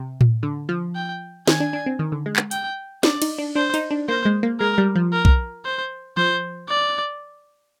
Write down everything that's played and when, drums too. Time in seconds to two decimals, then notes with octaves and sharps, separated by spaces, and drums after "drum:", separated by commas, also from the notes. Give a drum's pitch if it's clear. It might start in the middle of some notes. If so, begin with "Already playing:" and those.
Already playing: C3
0.21 drum: tom A2
0.43 D3
0.69 F3
0.95 G5
1.48 D#3 G#5, drum: snare
1.60 D4
1.73 D4
1.86 C4
1.99 D#3
2.12 D3
2.26 G#3
2.36 drum: clap
2.51 G5, drum: hi-hat
3.03 D4 D5, drum: snare
3.22 D#4, drum: cymbal
3.38 D4
3.55 D4 C5
3.74 D#4, drum: hi-hat
3.91 D4
4.08 A#3 C5
4.25 G#3
4.43 A#3
4.60 G#3 A#4
4.78 G3
4.96 F3
5.13 A#4
5.25 drum: kick B1
5.65 C5
6.17 F3 C5
6.69 D5